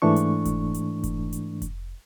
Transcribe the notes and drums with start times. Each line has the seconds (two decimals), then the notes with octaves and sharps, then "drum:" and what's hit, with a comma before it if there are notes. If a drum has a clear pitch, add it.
0.02 G#2 E3 A3 D4 C#6
0.16 drum: hi-hat
0.45 drum: kick F1, hi-hat
0.74 drum: hi-hat
1.04 drum: kick F1, hi-hat
1.33 drum: hi-hat
1.62 drum: kick F1, hi-hat